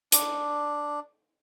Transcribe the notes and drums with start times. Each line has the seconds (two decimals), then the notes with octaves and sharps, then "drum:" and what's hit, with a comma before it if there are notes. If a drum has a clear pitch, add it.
0.12 D4, drum: hi-hat